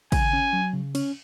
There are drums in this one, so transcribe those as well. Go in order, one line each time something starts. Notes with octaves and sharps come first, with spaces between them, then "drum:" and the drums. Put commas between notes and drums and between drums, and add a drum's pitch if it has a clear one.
C#3 G#5, drum: kick, cymbal
C#4
F#3
C#3
C#4, drum: cymbal